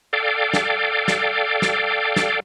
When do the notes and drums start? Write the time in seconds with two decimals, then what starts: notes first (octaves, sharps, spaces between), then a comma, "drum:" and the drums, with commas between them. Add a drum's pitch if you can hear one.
0.13 A4 D5 F5 G5
0.54 drum: snare
1.08 drum: snare
1.62 drum: snare
2.16 drum: snare